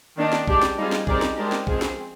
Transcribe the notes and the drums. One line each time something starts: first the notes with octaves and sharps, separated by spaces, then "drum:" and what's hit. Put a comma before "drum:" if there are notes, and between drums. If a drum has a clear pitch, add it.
D#3 A#3 D4 D#4
drum: snare
G#3 D4 G4, drum: kick
drum: snare
G3 C4 D#4 F4 G#4
drum: snare
C4 D#4 G4 G#4 A#4 D5, drum: kick
drum: snare
G#3 D4 G4 G#4 A#4 C5
drum: snare
F3 G#3 C4 G#4, drum: kick
drum: snare